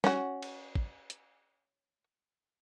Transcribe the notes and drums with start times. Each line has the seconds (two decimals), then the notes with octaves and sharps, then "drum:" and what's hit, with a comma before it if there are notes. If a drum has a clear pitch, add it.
0.04 C#4 F#4, drum: snare G3
0.42 drum: cymbal
0.75 drum: kick
1.10 drum: hi-hat